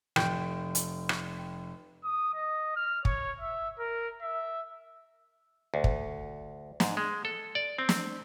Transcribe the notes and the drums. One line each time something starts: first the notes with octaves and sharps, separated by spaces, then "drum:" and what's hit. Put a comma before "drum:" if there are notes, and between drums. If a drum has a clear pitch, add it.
F1 G5, drum: rim click
drum: hi-hat
drum: rim click
D#6
D#5
F6
C#5, drum: kick
E5
A#4
E5
D2
drum: kick
G#2, drum: snare
G#3
A4
D5
C4
drum: snare